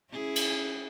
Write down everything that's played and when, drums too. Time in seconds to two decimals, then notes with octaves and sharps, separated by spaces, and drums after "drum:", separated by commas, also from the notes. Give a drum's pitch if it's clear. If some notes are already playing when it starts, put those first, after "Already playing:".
0.10 C#4 E4 G#4
0.36 drum: cymbal